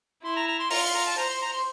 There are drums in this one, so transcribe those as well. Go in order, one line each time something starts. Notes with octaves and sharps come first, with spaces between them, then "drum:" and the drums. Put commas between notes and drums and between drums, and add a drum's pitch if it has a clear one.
E4 C6
A#5
A#5
C6
F4 A#5, drum: open hi-hat
C6
A#5
A5
C5 A#5
C6
A#5
C6